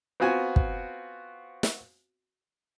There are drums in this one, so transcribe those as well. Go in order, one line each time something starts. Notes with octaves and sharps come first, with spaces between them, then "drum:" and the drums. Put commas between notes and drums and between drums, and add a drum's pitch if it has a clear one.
B3 C4 F4 F#4 G#5
drum: kick
drum: snare